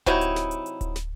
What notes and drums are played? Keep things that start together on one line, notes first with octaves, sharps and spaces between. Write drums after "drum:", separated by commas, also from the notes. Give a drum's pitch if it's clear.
C3 F#3 D#4 E4, drum: kick D1, hi-hat
drum: hi-hat
drum: snare
drum: hi-hat
drum: hi-hat
drum: kick D1, hi-hat
drum: snare